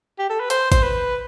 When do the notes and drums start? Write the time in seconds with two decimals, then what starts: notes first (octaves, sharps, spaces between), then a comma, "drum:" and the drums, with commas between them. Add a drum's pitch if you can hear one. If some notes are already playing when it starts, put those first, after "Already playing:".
0.19 G4
0.30 A4
0.40 B4
0.50 C5, drum: hi-hat
0.72 C5, drum: kick, hi-hat
0.82 B4